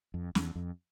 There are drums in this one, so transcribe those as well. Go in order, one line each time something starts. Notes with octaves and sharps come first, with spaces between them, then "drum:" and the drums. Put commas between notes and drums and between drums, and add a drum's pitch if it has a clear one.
F2
E2, drum: snare
F2